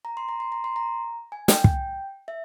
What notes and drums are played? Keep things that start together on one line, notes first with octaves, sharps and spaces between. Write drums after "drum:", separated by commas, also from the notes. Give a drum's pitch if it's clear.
A#5
C6
A#5
C6
A#5
C6
A#5
G#5
G5, drum: snare
drum: kick
E5